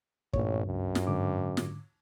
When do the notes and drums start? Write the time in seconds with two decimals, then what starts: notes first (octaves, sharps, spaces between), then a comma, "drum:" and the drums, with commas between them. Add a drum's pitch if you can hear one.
0.33 A1 G2 A#2 C#5, drum: kick
0.67 C#2 F#2
0.95 drum: snare
1.07 G#2 D3 D6
1.57 drum: snare